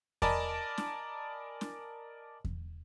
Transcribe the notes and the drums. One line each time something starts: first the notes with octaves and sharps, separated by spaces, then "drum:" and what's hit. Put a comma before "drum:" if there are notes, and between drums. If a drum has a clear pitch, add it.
A#4 D5 D#5 G#5 A5 B5, drum: kick E2
drum: snare
drum: snare
drum: kick E2